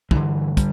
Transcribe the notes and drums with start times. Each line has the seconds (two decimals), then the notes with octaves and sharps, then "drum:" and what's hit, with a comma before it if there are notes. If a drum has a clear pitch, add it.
0.11 G2 D3 E3, drum: kick
0.57 G3, drum: kick, hi-hat